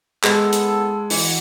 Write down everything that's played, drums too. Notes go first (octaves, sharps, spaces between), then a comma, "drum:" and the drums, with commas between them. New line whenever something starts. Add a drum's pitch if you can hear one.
G#3 B3 E4 A4, drum: clap
drum: hi-hat
E3 F#4, drum: open hi-hat